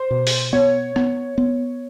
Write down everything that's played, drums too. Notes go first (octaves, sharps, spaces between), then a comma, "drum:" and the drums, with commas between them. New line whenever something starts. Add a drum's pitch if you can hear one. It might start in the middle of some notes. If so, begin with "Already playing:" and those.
Already playing: C5
B2
drum: open hi-hat
B3 C#5
B3, drum: rim click
B3